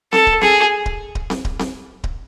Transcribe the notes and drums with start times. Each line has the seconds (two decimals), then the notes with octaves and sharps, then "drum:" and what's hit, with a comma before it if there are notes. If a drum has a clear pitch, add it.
0.13 A4, drum: snare C4
0.27 drum: kick D1
0.41 G#4, drum: snare C4
0.86 drum: kick D1
1.15 drum: kick D1
1.30 drum: snare C4
1.45 drum: kick D1
1.59 drum: snare C4
2.04 drum: kick D1